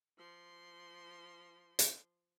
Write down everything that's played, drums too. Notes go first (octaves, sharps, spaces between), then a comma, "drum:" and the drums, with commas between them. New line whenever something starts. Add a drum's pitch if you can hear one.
F3 C6
drum: hi-hat